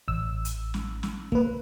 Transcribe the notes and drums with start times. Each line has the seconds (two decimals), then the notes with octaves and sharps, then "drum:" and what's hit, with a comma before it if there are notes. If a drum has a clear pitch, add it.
0.08 A1 E6
0.45 drum: hi-hat
0.74 drum: snare
1.03 drum: snare
1.32 A#3 B4, drum: kick